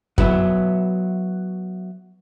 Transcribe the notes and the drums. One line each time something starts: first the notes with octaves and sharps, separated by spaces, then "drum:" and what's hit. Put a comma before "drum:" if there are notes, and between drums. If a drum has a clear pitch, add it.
F#3 B3 E4, drum: kick F#2